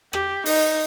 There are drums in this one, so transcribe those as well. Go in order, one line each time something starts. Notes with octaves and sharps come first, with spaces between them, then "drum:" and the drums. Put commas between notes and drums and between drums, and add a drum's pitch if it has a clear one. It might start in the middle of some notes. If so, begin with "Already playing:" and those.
G4, drum: rim click
D#4, drum: open hi-hat